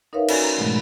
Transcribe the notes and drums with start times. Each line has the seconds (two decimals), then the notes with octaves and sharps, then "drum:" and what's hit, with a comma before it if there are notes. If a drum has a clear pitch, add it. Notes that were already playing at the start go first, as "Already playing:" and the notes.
0.13 D#4 A#4 B4 C#5 E5 F5
0.28 C#4 F#4 A4 D5 G#5, drum: cymbal
0.41 A#5
0.57 G#2 B2 E3 F#3 G#3 A3